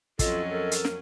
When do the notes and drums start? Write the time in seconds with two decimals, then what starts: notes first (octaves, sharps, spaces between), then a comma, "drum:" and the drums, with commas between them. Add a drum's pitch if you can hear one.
0.19 F2 F#3 C#4 F4 A4 D#5, drum: kick, hi-hat
0.50 A4 A#4
0.71 drum: hi-hat
0.85 drum: snare